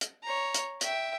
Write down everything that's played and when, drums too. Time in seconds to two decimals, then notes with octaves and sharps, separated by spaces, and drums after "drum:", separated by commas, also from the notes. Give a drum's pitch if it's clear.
0.01 drum: hi-hat
0.23 C#5 A#5
0.54 drum: hi-hat
0.81 E5 G5, drum: hi-hat